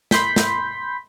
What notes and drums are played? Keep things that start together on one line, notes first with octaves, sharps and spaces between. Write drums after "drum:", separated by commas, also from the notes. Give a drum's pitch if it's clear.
B5 C6 G6 B6, drum: snare
drum: snare